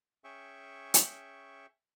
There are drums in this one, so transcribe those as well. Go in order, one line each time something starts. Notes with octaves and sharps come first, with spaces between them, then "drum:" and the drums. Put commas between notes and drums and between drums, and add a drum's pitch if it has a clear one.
C#4 G#4 E5 G5 C#6
drum: hi-hat